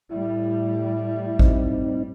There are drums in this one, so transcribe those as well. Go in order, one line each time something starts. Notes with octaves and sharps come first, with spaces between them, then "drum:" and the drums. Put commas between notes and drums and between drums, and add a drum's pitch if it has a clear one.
A2 G3 E4
C4 D#4, drum: kick G#1